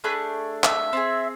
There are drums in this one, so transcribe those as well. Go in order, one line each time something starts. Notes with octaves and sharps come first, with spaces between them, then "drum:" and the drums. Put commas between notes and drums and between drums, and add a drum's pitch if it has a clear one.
A3 D4 G#4 B4
E5, drum: clap
C4 F4 G#4